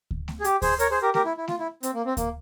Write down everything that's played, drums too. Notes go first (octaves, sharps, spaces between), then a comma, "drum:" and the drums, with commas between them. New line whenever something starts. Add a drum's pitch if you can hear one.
drum: kick D2
drum: snare A3
G#4
G4, drum: hi-hat
G#4 C5, drum: kick D2, open hi-hat
A#4 C#5, drum: hi-hat
G#4 C5
G4 A#4
G4 A#4, drum: snare A3
E4
E4
F4, drum: snare A3
E4
C4, drum: hi-hat
A#3
C4
A#3, drum: kick D2, hi-hat